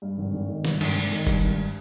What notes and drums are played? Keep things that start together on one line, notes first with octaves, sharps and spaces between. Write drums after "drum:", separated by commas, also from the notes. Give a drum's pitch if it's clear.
G2
G#1
G#1
D#3
G2, drum: snare
G#1, drum: cymbal
G#1
D#3
G2, drum: kick F#1
G#1